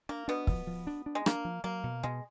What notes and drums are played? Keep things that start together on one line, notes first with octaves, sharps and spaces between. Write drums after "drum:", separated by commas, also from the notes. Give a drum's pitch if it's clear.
A#3 D4
B2 B3 D4
F3, drum: kick
F3
D4
D4
G#3
A#3 D4, drum: rim click
F3
F#3 A#3
B2
B2 G#3